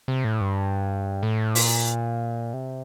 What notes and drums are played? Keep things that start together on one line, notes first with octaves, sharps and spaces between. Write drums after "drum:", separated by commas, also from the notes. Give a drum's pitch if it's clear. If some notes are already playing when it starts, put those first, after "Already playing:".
C3
A2
G2
A2
A#2, drum: open hi-hat
C3